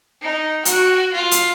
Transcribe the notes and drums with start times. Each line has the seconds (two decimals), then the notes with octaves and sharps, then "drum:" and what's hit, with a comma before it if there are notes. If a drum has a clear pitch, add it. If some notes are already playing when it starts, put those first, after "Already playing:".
0.22 D#4
0.65 F#4, drum: hi-hat
1.13 F4
1.31 drum: hi-hat